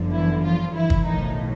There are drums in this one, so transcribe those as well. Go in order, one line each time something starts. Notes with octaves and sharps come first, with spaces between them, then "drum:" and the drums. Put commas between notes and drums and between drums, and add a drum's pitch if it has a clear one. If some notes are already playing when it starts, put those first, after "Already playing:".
Already playing: G1 F#2 D3 F3
E3 E4
F3 F4
E3 E4
drum: kick
B1 A2 D#3 F3 D#4